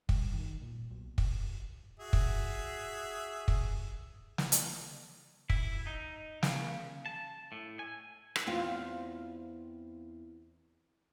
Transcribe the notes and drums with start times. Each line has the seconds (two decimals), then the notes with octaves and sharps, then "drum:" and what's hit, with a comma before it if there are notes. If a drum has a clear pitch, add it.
0.09 G3, drum: kick
0.33 D#3
0.62 A#2
0.91 B1
1.18 drum: kick
2.00 F#4 G#4 E5
2.13 drum: kick
3.48 drum: kick
4.38 drum: snare
4.52 drum: hi-hat
5.50 E4, drum: kick
5.87 D#4
6.43 C#3, drum: snare
7.06 A5
7.52 A2
7.79 G#5
8.36 drum: rim click
8.47 E2 C4 F4